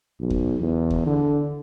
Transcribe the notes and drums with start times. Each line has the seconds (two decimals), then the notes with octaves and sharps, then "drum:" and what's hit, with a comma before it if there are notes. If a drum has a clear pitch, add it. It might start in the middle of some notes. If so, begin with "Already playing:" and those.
0.20 B1
0.30 drum: kick D#2
0.60 E2
0.91 drum: kick D#2
1.06 D3